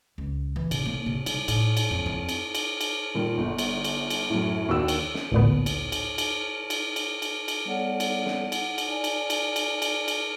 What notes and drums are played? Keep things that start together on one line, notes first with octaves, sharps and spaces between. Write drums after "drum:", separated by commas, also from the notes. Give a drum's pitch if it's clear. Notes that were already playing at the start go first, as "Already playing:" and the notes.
C#2
E3
C3, drum: cymbal
A#3
C3
G3, drum: cymbal
A2, drum: cymbal
drum: cymbal
F2
F2
drum: cymbal
drum: cymbal
drum: cymbal
A#2 D#3 G3
G1
drum: cymbal
drum: cymbal
drum: cymbal
F#2 A2
D#2 D4 F#4 E6
drum: cymbal
drum: snare
A1 D2 A#2 B3
drum: cymbal
drum: cymbal
drum: cymbal
drum: cymbal
drum: cymbal
drum: cymbal
drum: cymbal
G3 B3 A4 C#5 D5 F#5
drum: cymbal
drum: snare
F#5, drum: cymbal
drum: cymbal
D#4 D5 G#5 A5
drum: cymbal
drum: cymbal
drum: cymbal
drum: cymbal
drum: cymbal